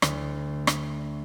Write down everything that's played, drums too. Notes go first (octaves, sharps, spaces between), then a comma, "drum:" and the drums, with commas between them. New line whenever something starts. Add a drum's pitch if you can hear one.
D2, drum: rim click
drum: rim click